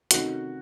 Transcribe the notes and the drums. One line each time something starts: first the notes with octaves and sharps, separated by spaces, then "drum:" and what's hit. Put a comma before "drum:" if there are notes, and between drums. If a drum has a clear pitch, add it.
C3 D#3 A3 C#4 D#4 F#4, drum: hi-hat